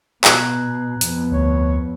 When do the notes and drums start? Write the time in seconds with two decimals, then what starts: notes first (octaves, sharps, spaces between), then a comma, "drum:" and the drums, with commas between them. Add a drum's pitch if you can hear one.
0.24 B2 A#5 F#6 G#6, drum: clap
1.01 F2 B3, drum: hi-hat
1.32 D2 C#5